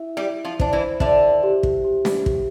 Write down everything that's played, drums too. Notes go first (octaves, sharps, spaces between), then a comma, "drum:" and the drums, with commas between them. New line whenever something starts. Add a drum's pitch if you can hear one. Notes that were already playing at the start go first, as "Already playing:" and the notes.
Already playing: E4 E5
G3 G4 E5
F3 F4
D4 C5, drum: kick
E3 E4
D3 D4 E5, drum: kick
G4
drum: kick
G4
drum: snare
G4, drum: kick